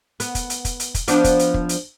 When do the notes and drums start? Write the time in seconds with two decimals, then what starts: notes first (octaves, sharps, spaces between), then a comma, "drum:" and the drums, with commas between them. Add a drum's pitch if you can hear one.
0.20 B3, drum: hi-hat
0.35 drum: kick, hi-hat
0.50 drum: hi-hat
0.65 drum: kick, hi-hat
0.80 drum: hi-hat
0.95 drum: kick, hi-hat
1.08 F3 B3 D4, drum: hi-hat
1.24 drum: kick, hi-hat
1.39 drum: hi-hat
1.54 drum: kick
1.69 drum: hi-hat